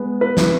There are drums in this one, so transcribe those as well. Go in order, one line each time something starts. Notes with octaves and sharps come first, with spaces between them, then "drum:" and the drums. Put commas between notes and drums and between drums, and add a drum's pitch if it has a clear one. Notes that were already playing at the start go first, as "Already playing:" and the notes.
Already playing: G#3 B3
B4
E4, drum: snare